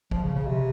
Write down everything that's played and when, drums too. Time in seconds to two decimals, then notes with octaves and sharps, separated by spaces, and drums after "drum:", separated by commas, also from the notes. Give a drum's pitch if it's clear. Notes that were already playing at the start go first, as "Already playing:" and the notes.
0.11 F3, drum: kick
0.23 C#3
0.35 C#3
0.47 C3